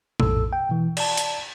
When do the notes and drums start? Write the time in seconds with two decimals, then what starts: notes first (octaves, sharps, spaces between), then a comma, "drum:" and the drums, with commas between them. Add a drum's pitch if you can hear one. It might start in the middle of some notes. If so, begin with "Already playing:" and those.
0.20 A#1 F2 A2 A4 E6, drum: tom B2
0.53 G5
0.69 B2 E3
0.97 D5 A5, drum: cymbal
1.17 drum: hi-hat